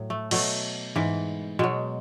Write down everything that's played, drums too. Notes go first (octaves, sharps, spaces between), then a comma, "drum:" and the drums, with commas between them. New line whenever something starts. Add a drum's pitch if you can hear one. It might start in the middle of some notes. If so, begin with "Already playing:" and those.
Already playing: A2 F#3
A3
B2 F#3 A3, drum: cymbal
G#2 E3
B2 F#3 G#3